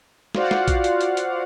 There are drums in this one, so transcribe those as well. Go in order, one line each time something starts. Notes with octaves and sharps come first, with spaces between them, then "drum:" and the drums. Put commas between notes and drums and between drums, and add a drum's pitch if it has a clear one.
F4 F#4 C5 D5 F5 F#5, drum: snare
drum: snare
drum: kick A#1, hi-hat
drum: hi-hat
drum: hi-hat
drum: hi-hat